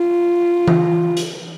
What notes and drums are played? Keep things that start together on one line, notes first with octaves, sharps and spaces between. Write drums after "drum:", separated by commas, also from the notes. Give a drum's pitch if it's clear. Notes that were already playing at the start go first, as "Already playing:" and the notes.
Already playing: F4
drum: tom E3
drum: hi-hat